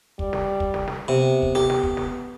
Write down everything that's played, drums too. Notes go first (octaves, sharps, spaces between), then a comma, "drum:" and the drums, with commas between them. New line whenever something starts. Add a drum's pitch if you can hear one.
G3, drum: kick
drum: snare
drum: kick
drum: snare
drum: snare
C3 B3
drum: kick
G4, drum: snare
drum: snare
drum: kick
drum: snare